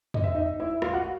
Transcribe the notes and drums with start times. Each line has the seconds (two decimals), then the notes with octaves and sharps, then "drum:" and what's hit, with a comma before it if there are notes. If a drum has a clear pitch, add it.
0.14 D#5, drum: tom
0.24 E5
0.35 D#4 D#5
0.60 E4 E5
0.82 F4 F5, drum: rim click
0.94 F#4 F#5